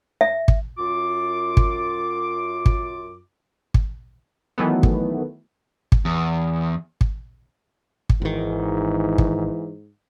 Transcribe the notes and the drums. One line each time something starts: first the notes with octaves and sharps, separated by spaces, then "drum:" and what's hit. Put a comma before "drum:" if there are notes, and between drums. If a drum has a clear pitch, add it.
E5
drum: kick
F#2 F4 D6
drum: kick
drum: kick
drum: kick
D#3 E3 F#3 A3 B3
drum: kick
drum: kick
E2
drum: kick
drum: kick
G#1 G#2 D#3 E3
drum: kick